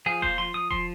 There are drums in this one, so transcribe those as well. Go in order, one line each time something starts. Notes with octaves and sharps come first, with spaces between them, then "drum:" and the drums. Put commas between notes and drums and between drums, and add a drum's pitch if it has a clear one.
F3 G#4
A#3 C5, drum: kick E1
F3 C6
F3 D#6
F3 C6, drum: kick E1